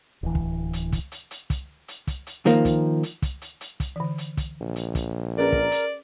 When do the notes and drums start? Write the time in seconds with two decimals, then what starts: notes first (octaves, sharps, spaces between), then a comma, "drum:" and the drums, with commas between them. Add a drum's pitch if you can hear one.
0.23 D1 E3
0.35 drum: kick
0.73 drum: hi-hat
0.92 drum: kick, hi-hat
1.12 drum: hi-hat
1.31 drum: hi-hat
1.50 drum: kick, hi-hat
1.88 drum: hi-hat
2.07 drum: kick, hi-hat
2.27 drum: hi-hat
2.46 D#3 F3 A#3, drum: hi-hat
2.65 drum: kick, hi-hat
3.03 drum: hi-hat
3.22 drum: kick, hi-hat
3.42 drum: hi-hat
3.61 drum: hi-hat
3.80 drum: kick, hi-hat
3.96 D3 E3
4.18 drum: hi-hat
4.37 drum: kick, hi-hat
4.61 A#1
4.76 drum: hi-hat
4.95 drum: kick, hi-hat
5.38 C#4 G#4 A#4 B4 D5
5.52 drum: kick
5.72 drum: hi-hat